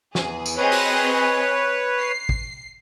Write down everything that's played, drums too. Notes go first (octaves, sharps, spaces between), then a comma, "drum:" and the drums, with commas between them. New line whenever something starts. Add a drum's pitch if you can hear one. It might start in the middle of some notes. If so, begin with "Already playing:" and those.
E2 E3 G#4, drum: snare
drum: tambourine
C4 G#4 B4 C#5 D#5
drum: open hi-hat
C7
drum: kick